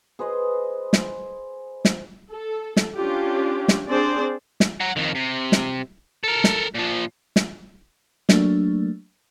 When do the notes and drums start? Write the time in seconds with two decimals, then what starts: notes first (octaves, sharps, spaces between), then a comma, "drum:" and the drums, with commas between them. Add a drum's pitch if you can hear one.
0.19 G#4 B4 C5 D#5
0.93 drum: snare
1.85 drum: snare
2.31 A4
2.77 drum: snare
2.95 C#4 D4 F4 G4
3.68 drum: snare
3.88 C4 D4 G#4 C5 D5
4.60 drum: snare
4.81 F#5 A#5
4.97 F2 D#3
5.15 C3
5.52 drum: snare
6.24 A4 A#4
6.44 drum: snare
6.75 A#2 F3
7.36 drum: snare
8.29 F#3 A3 A#3 D4, drum: snare